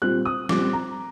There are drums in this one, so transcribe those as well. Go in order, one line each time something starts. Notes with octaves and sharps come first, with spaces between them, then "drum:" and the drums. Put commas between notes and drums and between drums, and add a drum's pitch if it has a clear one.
A#2 G3 C4 F#6
D#6
A#2 G3 C4 D6, drum: snare
A#5